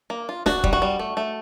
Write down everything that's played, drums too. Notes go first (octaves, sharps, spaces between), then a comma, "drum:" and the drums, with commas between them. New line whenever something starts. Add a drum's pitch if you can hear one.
A#3
F4
D4 F#4, drum: snare
G3, drum: kick
F#4
G3
A3
A3